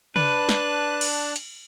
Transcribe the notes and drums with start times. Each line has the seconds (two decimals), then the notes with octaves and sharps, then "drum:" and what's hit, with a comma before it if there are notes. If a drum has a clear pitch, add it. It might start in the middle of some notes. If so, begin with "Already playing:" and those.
0.16 D4 B4 A5 F#6, drum: tom
0.49 drum: snare
1.01 drum: cymbal
1.36 drum: hi-hat